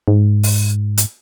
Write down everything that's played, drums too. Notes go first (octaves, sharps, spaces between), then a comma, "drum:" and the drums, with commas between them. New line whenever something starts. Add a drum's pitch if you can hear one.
G#2
drum: open hi-hat
drum: hi-hat